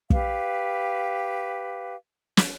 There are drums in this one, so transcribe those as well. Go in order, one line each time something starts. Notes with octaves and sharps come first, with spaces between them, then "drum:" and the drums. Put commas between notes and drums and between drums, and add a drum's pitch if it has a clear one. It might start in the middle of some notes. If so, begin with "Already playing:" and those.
G4 B4 F5, drum: kick
drum: snare